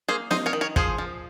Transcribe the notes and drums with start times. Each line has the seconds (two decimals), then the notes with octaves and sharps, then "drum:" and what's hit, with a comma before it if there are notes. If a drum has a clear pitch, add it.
0.08 A#3 G#4 C5
0.31 D#4 C5 D#5, drum: snare
0.46 A#4 C#5
0.53 D#3
0.61 A#4 C#5
0.76 F3 G#4 C5, drum: kick
0.98 F3